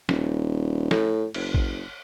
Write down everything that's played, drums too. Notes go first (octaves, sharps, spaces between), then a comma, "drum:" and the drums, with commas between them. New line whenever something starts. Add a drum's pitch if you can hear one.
D#1, drum: snare
A2, drum: snare
F#1, drum: cymbal
drum: kick